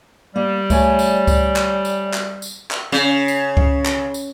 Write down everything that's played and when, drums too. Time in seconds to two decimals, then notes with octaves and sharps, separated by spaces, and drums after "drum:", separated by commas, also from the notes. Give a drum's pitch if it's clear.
0.36 G3 A#3
0.70 A3 C#5 G#5, drum: kick C#2, tambourine
0.99 drum: tambourine
1.27 drum: kick C#2, tambourine
1.56 drum: clap
1.85 drum: tambourine
2.13 drum: clap
2.42 drum: tambourine
2.71 drum: clap
2.92 C#3
3.28 drum: tambourine
3.57 drum: kick C#2
3.86 drum: clap
4.14 drum: tambourine